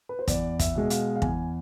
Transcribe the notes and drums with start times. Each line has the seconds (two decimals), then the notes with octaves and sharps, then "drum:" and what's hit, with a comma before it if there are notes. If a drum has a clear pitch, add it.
0.09 B4
0.19 C5
0.28 E2 D5, drum: kick, hi-hat
0.59 E5, drum: kick, hi-hat
0.75 B2 G#3
0.90 F5, drum: hi-hat
1.16 F5
1.22 E2 G#5, drum: kick